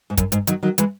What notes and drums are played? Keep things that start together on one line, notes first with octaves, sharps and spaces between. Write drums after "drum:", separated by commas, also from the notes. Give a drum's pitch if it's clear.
G#2
F#2, drum: kick, hi-hat
G#2, drum: hi-hat
D#3 F#3, drum: hi-hat
D#3 F#3
E3 G#3, drum: hi-hat